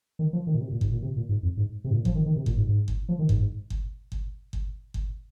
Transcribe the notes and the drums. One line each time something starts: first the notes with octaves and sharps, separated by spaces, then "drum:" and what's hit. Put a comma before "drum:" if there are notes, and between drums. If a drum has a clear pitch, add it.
D#3
F3
D#3
A#2
C3
A#2
G#2, drum: kick G1
A#2
C3
A#2
G#2
F2
G#2
C3
G#2
A#2
F3, drum: kick G1
D#3
D#3
C3
A#2, drum: kick G1
G#2
G#2
drum: kick G1
F3
D#3
G#2, drum: kick G1
G#2
drum: kick G1
drum: kick G1
drum: kick G1
drum: kick G1